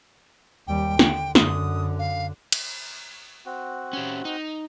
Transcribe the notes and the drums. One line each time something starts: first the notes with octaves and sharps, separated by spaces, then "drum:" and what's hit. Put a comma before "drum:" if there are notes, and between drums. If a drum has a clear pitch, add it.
D#2 G3 G5
D3, drum: snare
F#2 D3 D#6, drum: snare
F5
drum: cymbal
C4 F#4
C#4 G4
D#4